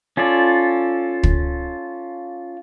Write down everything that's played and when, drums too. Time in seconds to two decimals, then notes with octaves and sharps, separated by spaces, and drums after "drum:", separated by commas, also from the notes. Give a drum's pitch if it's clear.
0.17 C#4 F4 A4 D5
1.23 drum: kick